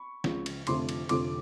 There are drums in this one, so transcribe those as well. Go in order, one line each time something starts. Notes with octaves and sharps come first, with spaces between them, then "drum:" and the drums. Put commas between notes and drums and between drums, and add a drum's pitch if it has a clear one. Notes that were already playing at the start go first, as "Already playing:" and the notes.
Already playing: B5 C#6
C#2 C#3 F3, drum: snare
drum: cymbal
F1 F2 D3 F3 A3 C6 D6, drum: cymbal
drum: cymbal
F1 F2 D3 F3 A3 C6 D6, drum: cymbal